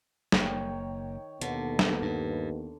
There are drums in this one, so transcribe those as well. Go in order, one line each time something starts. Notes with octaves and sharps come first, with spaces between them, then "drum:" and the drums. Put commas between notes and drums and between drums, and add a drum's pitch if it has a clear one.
F#1 D#3 A#3 C#5 G5, drum: snare
D#2 B2 D3 B3, drum: hi-hat
drum: snare
G2